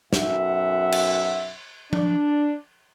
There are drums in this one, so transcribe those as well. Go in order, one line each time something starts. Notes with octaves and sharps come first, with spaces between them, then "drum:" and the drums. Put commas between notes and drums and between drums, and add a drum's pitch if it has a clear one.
B1 F#2 E5 F#5, drum: snare
drum: cymbal
D4, drum: tom F3